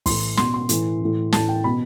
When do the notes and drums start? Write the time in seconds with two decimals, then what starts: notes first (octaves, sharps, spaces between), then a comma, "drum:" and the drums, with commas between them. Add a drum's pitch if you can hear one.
0.06 A2 E3 C6, drum: kick, open hi-hat
0.37 B2 C6, drum: snare
0.54 C6
0.69 A2 E3, drum: hi-hat
1.01 A2 E3
1.32 A2 E3 A5, drum: snare
1.49 G5
1.64 B2 B5